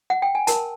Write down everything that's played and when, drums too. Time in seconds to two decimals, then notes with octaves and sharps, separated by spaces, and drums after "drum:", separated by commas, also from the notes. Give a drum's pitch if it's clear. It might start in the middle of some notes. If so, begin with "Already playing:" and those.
0.10 F#5
0.22 G5
0.35 G#5
0.47 A#4 A5, drum: hi-hat